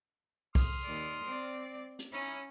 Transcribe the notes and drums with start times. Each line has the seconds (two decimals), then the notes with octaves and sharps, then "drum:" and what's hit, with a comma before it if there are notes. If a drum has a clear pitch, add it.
0.55 C6 D#6 F6, drum: kick B1, open hi-hat
0.84 D#2 D5
1.23 C4 D5
1.99 drum: hi-hat
2.13 C#4 D#4 E4 D#5